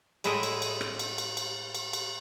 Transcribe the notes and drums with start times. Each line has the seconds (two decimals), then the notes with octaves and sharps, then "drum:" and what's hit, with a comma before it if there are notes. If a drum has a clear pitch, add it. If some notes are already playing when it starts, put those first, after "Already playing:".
0.24 A2 G#3 E4 D5 D#5, drum: cymbal
0.43 drum: cymbal
0.62 drum: cymbal
0.81 drum: rim click
0.99 drum: cymbal
1.18 drum: cymbal
1.37 drum: cymbal
1.75 drum: cymbal
1.93 drum: cymbal